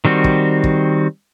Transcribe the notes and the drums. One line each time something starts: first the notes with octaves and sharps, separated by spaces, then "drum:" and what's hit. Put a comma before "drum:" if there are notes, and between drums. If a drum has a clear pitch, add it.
D#3 G3 C4 F#4
drum: kick
drum: kick